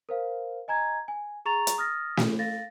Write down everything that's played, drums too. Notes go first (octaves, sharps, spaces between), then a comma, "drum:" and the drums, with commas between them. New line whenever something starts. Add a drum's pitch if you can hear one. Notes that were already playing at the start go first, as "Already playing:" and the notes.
A#4 C5 F5
D#5 G#5 A#5 G#6
G#5
G#4 A#5 C#6 A6 F7
drum: hi-hat
D#6 F6 A6 A#6
drum: snare
F5 A6 A#6